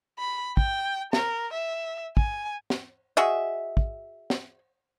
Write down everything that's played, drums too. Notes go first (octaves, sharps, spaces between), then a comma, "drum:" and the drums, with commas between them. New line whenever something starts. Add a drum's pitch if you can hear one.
B5
G5, drum: kick
A#4, drum: snare
E5
G#5, drum: kick
drum: snare
F#4 G#4 D#5 E5
drum: kick
drum: snare